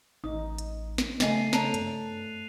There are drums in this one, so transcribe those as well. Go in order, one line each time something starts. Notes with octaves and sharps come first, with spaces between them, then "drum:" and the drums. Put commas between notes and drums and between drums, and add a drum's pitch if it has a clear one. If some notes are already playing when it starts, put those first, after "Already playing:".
A1 D#4 D#6
drum: hi-hat
drum: snare
C#3 A3 C#4 D#5 G#5 A6 C7 D#7, drum: snare
A4 C#5 A5 A#5 F#6 D#7 F7, drum: snare
G2 D5, drum: hi-hat